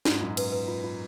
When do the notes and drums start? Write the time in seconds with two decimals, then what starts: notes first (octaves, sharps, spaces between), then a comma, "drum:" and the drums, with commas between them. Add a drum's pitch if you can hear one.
0.05 G#2 F4, drum: snare
0.21 F#2 A#2 F4
0.37 B4, drum: cymbal
0.52 B4
0.68 F4
0.84 F4